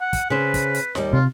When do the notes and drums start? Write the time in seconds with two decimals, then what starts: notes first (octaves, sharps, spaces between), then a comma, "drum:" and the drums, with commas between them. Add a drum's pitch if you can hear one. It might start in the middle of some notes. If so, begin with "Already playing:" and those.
0.01 F#5
0.13 drum: kick, hi-hat
0.30 C#3 B4 C5
0.54 drum: kick, hi-hat
0.75 drum: hi-hat
0.95 D#2 G3, drum: snare
1.13 C3 F4